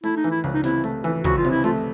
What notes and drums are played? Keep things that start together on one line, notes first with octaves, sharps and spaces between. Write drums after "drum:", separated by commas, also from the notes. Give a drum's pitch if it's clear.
A3 E4, drum: hi-hat
D#4
E3, drum: hi-hat
E4
C#2, drum: hi-hat
D#4
C3 E4, drum: snare
A3, drum: hi-hat
E3, drum: hi-hat
C#2 F#4, drum: kick, hi-hat
F4
C3, drum: hi-hat
E4
A3 F4, drum: hi-hat